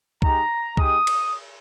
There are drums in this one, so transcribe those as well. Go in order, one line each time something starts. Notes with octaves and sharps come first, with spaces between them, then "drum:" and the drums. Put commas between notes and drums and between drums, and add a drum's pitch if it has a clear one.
G#3 D#4 G4 A#5, drum: kick C2
G#3 D#4 G4 D#6, drum: kick C2
drum: cymbal